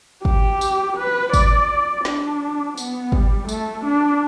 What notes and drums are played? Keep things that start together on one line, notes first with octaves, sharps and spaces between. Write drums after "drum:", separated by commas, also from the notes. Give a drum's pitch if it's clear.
G4, drum: kick
drum: tambourine
B4
D5, drum: kick, tambourine
D4, drum: snare
B3, drum: tambourine
G3, drum: kick
A3, drum: tambourine
D4